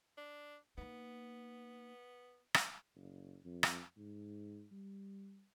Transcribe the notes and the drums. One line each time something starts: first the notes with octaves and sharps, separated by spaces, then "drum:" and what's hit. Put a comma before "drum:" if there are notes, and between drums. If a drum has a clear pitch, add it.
D4
A#3 B3 D#4
drum: rim click
F#1
F2
drum: rim click
G#2
G3